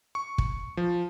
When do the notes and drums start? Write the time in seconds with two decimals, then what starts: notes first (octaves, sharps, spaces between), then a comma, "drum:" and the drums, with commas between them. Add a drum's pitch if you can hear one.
0.15 C#6
0.38 drum: kick
0.77 F3